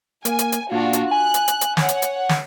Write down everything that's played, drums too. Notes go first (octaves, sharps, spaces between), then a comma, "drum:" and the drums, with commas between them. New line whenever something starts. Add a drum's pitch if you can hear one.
A#3 G#5, drum: hi-hat
drum: hi-hat
drum: hi-hat
A#2 D4 F4 F#4
drum: hi-hat
G#5 F#6
drum: hi-hat
drum: hi-hat
drum: hi-hat
C#5 F#5, drum: snare
drum: hi-hat
drum: hi-hat
drum: snare